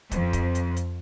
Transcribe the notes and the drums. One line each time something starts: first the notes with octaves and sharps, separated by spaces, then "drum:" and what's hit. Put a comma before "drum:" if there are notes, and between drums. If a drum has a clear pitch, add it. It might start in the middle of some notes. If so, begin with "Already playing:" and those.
F2, drum: kick, hi-hat
drum: kick, hi-hat
drum: hi-hat
drum: hi-hat